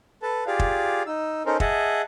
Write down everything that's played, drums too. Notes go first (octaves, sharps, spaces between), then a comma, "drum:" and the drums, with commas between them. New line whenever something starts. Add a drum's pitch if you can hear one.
A4 B4 A5
F4 G4 G#4 D5 F5
drum: kick
D#4 E6
C#4 D#4 A4 A#4 C5
G#4 D#5 E5 F#5 A5, drum: kick